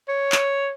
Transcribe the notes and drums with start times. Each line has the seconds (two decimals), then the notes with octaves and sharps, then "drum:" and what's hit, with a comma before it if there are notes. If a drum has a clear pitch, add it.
0.08 C#5
0.32 drum: clap